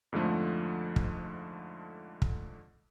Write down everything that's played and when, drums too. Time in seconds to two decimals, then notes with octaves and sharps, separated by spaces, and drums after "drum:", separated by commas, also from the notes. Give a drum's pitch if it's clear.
0.12 F2 G#2 D3 F3 A3
0.96 drum: kick
2.22 drum: kick